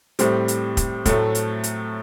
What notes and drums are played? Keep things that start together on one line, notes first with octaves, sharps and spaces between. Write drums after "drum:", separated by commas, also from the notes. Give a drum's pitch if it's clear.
A2 G3 C4, drum: hi-hat
drum: hi-hat
drum: kick, hi-hat
A2 F#3 A3, drum: kick, hi-hat
drum: hi-hat
drum: hi-hat